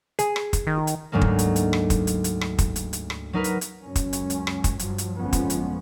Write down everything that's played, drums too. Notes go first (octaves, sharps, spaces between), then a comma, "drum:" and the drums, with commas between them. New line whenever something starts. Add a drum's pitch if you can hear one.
G#4, drum: hi-hat
drum: rim click
drum: kick, hi-hat
D#3
drum: hi-hat
D2 G#2 F#3 G#3 A#3
drum: kick
drum: hi-hat
drum: hi-hat
drum: rim click
drum: kick, hi-hat
drum: hi-hat
drum: hi-hat
drum: rim click
drum: kick, hi-hat
drum: hi-hat
drum: hi-hat
drum: rim click
F#3 D#4 A#4 B4
drum: hi-hat
drum: hi-hat
C#2 F#2 C#4
drum: kick, hi-hat
drum: hi-hat
drum: hi-hat
drum: rim click
drum: kick, hi-hat
G2 F3 F#3, drum: hi-hat
drum: hi-hat
G1 F2 F3 G#3 B3 C#4
drum: kick, hi-hat
drum: hi-hat